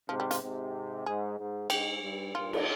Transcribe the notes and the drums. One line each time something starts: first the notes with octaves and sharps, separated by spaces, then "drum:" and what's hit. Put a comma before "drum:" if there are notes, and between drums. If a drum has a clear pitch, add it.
G#2 C3 F3
G3
F4, drum: hi-hat
G#2 C3
G#2 G#4
G#2
G#2 G4, drum: cymbal
G2
G2 A#2 F4
drum: cymbal